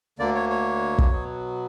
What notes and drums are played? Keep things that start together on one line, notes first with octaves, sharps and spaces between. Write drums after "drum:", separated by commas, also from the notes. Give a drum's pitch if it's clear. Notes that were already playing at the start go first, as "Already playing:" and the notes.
D2 D3 A#3 D5
C#5
C#5
drum: kick
B2 F#3 B3